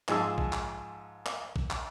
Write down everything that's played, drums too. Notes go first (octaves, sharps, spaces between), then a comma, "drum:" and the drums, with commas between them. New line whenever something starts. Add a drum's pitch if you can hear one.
G#2 F3 G#4 A5 E6, drum: clap
drum: kick A#1
drum: clap
drum: clap
drum: kick A#1
drum: clap